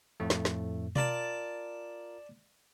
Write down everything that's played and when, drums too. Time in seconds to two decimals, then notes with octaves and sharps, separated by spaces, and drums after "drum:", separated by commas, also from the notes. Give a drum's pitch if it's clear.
0.20 F2 A2 A3
0.30 drum: snare
0.45 drum: snare
0.96 F4 A#4 D5 A5, drum: tom B2